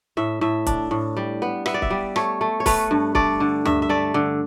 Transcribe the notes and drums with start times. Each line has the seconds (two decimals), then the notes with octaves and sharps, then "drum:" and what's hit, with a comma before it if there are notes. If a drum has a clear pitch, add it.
0.17 A2 E5
0.41 A2 E5
0.67 D4, drum: kick C#1, hi-hat
0.91 A2
1.17 G3
1.42 B3
1.66 B3 E5, drum: rim click
1.74 D5
1.82 E5, drum: kick C#1
1.90 G3
2.16 A3 C#5, drum: rim click
2.41 A3
2.60 C#5
2.66 A3 B4, drum: kick C#1, open hi-hat
2.91 G2
3.15 A3 D5, drum: kick C#1
3.40 D3
3.65 G2 E5, drum: tom D2
3.82 E5
3.89 A3 D5
4.14 D3